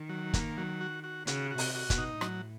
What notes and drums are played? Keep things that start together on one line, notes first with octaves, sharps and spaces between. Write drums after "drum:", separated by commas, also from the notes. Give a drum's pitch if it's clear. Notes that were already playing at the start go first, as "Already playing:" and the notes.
Already playing: D#3
F#3
A#3, drum: kick, hi-hat
F#3
F#4
F#4
C#3 F#4, drum: hi-hat
F#4
C3, drum: open hi-hat
F#4
B2, drum: kick, hi-hat
D#4
A2 F#3, drum: rim click